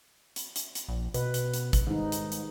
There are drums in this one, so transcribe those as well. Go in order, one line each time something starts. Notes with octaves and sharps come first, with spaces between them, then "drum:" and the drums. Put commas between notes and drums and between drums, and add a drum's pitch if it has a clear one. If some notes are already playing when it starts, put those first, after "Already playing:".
drum: hi-hat
drum: hi-hat
drum: hi-hat
A#1
B2 B4, drum: hi-hat
drum: hi-hat
drum: hi-hat
drum: kick G#1, hi-hat
G#2 D#3 G3 D#4
drum: hi-hat
drum: hi-hat